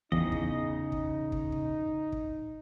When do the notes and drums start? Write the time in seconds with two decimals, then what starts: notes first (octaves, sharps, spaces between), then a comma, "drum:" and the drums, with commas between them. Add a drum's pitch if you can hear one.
0.12 E2 C#3 D#4 D#5, drum: kick
0.32 drum: kick
0.92 drum: kick
1.32 drum: kick
1.52 drum: kick
2.12 drum: kick